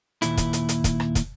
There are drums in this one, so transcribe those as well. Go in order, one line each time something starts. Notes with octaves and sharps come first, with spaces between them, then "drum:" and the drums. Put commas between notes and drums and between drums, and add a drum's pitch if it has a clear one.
D#2 A#2 E4, drum: hi-hat
drum: kick, hi-hat
drum: hi-hat
drum: hi-hat
drum: kick, hi-hat
drum: rim click
drum: kick, hi-hat